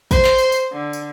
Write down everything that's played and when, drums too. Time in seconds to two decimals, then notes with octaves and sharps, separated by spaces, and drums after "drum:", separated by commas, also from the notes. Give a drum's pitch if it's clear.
0.11 C5, drum: kick, tambourine
0.25 drum: clap
0.38 drum: tambourine
0.52 drum: tambourine
0.73 D3
0.93 drum: tambourine